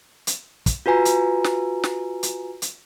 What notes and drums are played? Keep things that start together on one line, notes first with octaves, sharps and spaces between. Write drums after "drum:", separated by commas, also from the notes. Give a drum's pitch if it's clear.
drum: hi-hat
drum: kick, hi-hat
F4 F#4 B4 G#5 A#5
drum: hi-hat
drum: snare
drum: snare
drum: hi-hat
drum: hi-hat